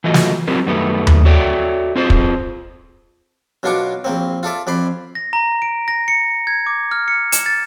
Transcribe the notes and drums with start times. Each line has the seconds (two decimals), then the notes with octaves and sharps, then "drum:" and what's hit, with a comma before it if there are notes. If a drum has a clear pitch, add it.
0.04 E3 F#3 A3 F4 D#5
0.14 drum: snare
0.48 F#3 C4 F4 G4 A#4
0.66 F#2 D#3 G3 A3 B3
1.07 drum: tom D#2
1.25 F#4 A4 C#5 D5 E5 G5
1.96 C4 F4 G#4 C5
2.10 drum: kick
3.63 F#2 B2 D4 F4 C#6 D6
4.04 A#1 A#3 C4
4.43 F4 A4 D5 E5
4.67 F2 D5 B5 C6
5.15 A#6
5.33 A#5
5.62 D7
5.88 A#6
6.08 C#7
6.47 G#6
6.66 D6
6.91 F6
7.08 C#7
7.32 E7, drum: hi-hat
7.46 A6